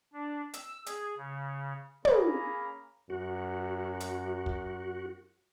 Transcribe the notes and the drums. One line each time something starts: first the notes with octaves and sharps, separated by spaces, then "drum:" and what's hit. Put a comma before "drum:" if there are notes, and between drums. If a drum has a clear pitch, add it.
D4
E6, drum: hi-hat
G#4, drum: hi-hat
C#3
A#3 C#4 G#4 A#5 B5, drum: tom
F#2 F#4
drum: hi-hat
drum: kick